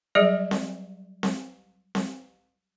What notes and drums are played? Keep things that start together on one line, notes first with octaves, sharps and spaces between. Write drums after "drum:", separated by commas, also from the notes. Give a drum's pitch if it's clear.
F#3 G3 G#4 D5
drum: snare C4
drum: snare C4
drum: snare C4